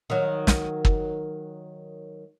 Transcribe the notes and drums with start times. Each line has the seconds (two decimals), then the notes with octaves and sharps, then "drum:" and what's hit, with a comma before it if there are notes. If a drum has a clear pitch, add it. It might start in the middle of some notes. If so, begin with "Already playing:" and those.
0.10 D#3 F#3
0.47 drum: snare
0.85 drum: kick